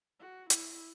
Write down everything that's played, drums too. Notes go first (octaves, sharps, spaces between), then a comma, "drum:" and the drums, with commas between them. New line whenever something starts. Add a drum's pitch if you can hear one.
F#4
E4, drum: hi-hat